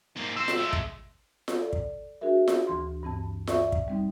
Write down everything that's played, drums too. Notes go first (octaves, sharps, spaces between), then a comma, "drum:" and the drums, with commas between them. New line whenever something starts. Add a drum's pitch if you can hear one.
G#2 A#3
G4 C5 E6
drum: snare F4
G#3 A3
drum: kick
drum: snare F4
A4 D5
drum: kick
D4 F#4 G#4 A#4 E5
drum: snare F4
D2 E3 C6
G2 E3 C4 A5
D5 E5 C#6, drum: snare F4
drum: kick
G3 C4 D#4